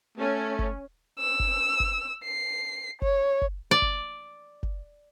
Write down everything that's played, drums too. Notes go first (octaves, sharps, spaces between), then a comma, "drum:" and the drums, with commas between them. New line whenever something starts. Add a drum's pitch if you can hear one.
A3 C#4
drum: kick F#1
E6
drum: kick F#1
drum: kick F#1
C7
C#5, drum: kick F#1
drum: kick F#1
D5
drum: kick F#1
drum: kick F#1